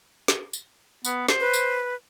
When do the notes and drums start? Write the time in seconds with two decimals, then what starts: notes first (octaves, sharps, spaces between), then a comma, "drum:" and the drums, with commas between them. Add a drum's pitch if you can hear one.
0.28 drum: snare
0.53 drum: tambourine
1.05 B3, drum: tambourine
1.28 C5, drum: snare
1.40 B4
1.54 drum: tambourine